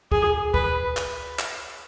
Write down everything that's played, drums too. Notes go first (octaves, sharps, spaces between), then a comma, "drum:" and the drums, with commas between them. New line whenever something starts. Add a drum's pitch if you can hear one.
G#4, drum: kick
B4, drum: kick
drum: clap
drum: clap